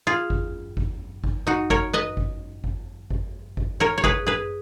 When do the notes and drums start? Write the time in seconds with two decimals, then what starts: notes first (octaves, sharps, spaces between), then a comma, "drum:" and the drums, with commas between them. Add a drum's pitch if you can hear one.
0.07 F4 G#4
0.30 drum: kick G1
0.77 drum: kick G1
1.24 drum: kick G1
1.47 D#4 F#4
1.70 A#4 C#5, drum: kick G1
1.93 B4 D#5
2.17 drum: kick G1
2.64 drum: kick G1
3.10 drum: kick G1
3.57 drum: kick G1
3.80 A#4 C#5
3.98 C#5
4.04 G#4 B4, drum: kick G1
4.27 G#4 B4